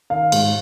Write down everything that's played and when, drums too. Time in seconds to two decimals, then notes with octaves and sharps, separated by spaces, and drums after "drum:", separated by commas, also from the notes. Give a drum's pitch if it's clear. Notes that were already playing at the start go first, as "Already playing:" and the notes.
0.10 D#3 F5
0.32 G#2, drum: cymbal